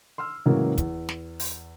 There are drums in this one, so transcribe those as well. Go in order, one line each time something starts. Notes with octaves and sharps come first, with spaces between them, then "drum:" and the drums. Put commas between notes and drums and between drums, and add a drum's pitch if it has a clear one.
C6 E6 F6
A2 C#3 E3 F#3 G#3 A#3
E2, drum: kick, hi-hat
drum: snare
drum: open hi-hat